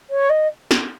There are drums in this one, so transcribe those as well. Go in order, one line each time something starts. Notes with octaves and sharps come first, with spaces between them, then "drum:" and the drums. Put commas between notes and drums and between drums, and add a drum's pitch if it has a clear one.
C#5
D#5
drum: snare